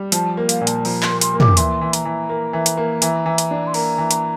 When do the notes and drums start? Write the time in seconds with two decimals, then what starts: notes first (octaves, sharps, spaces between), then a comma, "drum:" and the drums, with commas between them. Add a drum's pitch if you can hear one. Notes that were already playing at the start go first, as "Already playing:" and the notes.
Already playing: G3
0.12 F3 A5, drum: hi-hat
0.37 A#3
0.49 F5, drum: hi-hat
0.61 A#2
0.67 A5, drum: hi-hat
0.85 F3 A#5, drum: open hi-hat
1.03 C6, drum: clap
1.10 A#3
1.21 C6, drum: hi-hat
1.33 A#3
1.40 D6, drum: tom
1.57 E3 C6, drum: hi-hat
1.81 E3
1.93 A#5, drum: hi-hat
2.05 E3
2.29 A#3
2.53 E3
2.66 drum: hi-hat
2.77 A#3
3.02 E3, drum: hi-hat
3.26 E3
3.38 drum: hi-hat
3.51 D4
3.67 C6
3.74 A#3 A#5, drum: open hi-hat
3.98 E3
4.11 drum: hi-hat